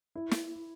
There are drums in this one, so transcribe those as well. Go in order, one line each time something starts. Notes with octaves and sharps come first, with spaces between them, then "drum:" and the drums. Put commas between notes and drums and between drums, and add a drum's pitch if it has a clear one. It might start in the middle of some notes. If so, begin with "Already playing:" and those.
E4
drum: snare